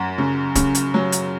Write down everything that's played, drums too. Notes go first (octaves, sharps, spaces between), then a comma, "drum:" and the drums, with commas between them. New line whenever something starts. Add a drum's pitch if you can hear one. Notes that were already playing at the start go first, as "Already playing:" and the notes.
Already playing: F#2 F#5
C#3
C#3, drum: kick, hi-hat
drum: hi-hat
F#3
drum: hi-hat